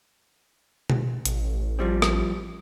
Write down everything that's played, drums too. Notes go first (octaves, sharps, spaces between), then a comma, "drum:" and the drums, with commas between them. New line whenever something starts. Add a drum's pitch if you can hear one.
drum: tom B2
A1, drum: hi-hat
F3 G3 C4
drum: rim click